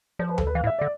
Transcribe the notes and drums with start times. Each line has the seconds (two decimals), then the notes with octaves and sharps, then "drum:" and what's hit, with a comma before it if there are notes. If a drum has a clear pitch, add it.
0.19 F3 C5
0.29 B4
0.38 A4, drum: tom D2
0.47 B4
0.55 E3 F5
0.64 A2
0.67 E5
0.78 D3 D5